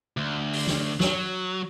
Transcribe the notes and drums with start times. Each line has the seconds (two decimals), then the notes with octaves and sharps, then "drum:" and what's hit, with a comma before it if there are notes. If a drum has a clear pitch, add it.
0.17 D2
0.53 drum: open hi-hat
0.67 drum: snare
1.00 F#3, drum: snare